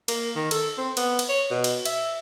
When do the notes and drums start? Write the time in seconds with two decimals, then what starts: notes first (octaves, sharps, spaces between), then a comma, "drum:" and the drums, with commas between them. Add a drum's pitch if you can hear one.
0.08 A#3, drum: cymbal
0.35 D#3
0.51 A4, drum: cymbal
0.78 C4
0.97 B3, drum: cymbal
1.19 drum: cymbal
1.29 C#5
1.50 B2
1.64 drum: cymbal
1.85 E5, drum: cymbal